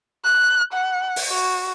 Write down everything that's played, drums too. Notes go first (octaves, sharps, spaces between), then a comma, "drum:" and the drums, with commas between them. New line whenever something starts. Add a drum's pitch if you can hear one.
F#6
F#5
drum: open hi-hat
F#4